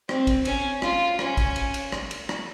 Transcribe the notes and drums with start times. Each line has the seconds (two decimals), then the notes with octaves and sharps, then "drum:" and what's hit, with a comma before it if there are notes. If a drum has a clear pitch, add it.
0.09 C4, drum: rim click
0.27 drum: kick, cymbal
0.45 C#4, drum: cymbal
0.82 F4, drum: rim click
1.19 C#4, drum: rim click
1.37 drum: kick, cymbal
1.56 drum: cymbal
1.74 drum: cymbal
1.92 drum: rim click
2.11 drum: cymbal
2.29 drum: rim click